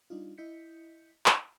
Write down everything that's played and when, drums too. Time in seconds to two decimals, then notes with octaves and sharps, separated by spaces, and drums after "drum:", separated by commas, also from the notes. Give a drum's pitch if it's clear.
0.10 G3 D4 D#4 F4
0.38 E4 D#5 G6 B6 C#7
1.26 drum: clap